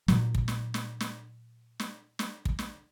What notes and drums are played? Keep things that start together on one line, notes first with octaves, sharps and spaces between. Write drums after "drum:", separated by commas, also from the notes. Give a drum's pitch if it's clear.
A#2 F#3, drum: snare
drum: kick
drum: snare
drum: snare
drum: snare
drum: snare
drum: snare
drum: kick
drum: snare